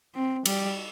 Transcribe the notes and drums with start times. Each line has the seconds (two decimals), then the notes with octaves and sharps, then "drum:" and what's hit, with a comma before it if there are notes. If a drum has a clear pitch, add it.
0.15 C4
0.46 G3, drum: cymbal